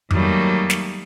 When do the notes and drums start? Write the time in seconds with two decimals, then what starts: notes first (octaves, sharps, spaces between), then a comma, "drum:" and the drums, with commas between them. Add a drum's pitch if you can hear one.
0.11 D#3 F#3 G3 A3 A#3, drum: tom F2
0.70 drum: snare